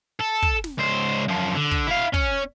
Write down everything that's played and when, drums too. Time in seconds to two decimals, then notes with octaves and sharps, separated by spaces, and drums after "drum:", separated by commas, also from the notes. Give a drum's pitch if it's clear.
0.20 A4
0.42 drum: kick
0.64 drum: snare
0.78 C#2 C5
1.28 F#2 F3
1.55 D3
1.71 drum: kick
1.88 E4 F5
2.14 C#4, drum: kick